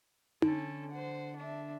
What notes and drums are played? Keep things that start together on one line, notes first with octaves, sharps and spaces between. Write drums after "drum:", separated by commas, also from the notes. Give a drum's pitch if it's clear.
D3 C#4 A4, drum: tom D#4
C5 F#5
D4 E5